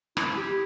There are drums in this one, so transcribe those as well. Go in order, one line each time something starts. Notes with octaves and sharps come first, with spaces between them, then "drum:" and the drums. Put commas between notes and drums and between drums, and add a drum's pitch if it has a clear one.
E4, drum: rim click
G4